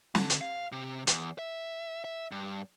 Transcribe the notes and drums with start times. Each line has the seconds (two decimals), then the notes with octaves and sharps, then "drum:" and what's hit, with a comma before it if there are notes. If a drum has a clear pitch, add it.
0.15 D3, drum: snare
0.30 drum: hi-hat
0.41 F5
0.72 C3
1.07 E2, drum: hi-hat
1.39 E5
2.04 E5
2.32 G2